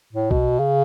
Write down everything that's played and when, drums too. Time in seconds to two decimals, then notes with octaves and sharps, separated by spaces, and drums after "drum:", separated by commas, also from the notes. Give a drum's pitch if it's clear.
0.13 A2
0.31 B2, drum: kick B1
0.59 C#3